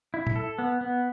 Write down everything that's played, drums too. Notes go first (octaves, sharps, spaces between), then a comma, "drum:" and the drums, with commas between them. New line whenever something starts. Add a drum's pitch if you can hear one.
E4
drum: tom
A4
B3
B3